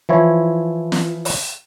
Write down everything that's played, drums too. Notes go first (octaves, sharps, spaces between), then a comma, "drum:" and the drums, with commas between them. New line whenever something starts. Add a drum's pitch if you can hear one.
E3 F3 E4 C#5
drum: snare
drum: open hi-hat